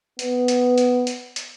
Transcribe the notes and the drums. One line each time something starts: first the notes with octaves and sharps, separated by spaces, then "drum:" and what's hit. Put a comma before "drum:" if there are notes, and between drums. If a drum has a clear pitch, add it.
B3, drum: hi-hat
drum: hi-hat
drum: hi-hat
drum: hi-hat
drum: hi-hat